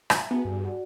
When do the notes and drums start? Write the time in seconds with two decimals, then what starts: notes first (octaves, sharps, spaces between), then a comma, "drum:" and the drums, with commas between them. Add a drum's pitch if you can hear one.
0.10 E5 A5 A#5, drum: rim click
0.31 B3 F#4 G#4 G#5
0.45 G2
0.64 F#4 D5 F#5